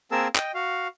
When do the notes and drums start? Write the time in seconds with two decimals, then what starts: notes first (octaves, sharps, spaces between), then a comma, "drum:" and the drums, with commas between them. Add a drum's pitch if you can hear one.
0.11 A#3 C4 G#4 A#4 A5 E6
0.36 D#5 G5, drum: clap
0.54 F#4 F5